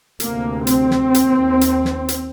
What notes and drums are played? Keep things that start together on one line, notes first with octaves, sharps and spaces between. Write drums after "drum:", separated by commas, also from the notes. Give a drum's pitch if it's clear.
D2 C3 A#3, drum: hi-hat
C4, drum: hi-hat
drum: snare
D#2, drum: hi-hat
drum: hi-hat
drum: snare
drum: hi-hat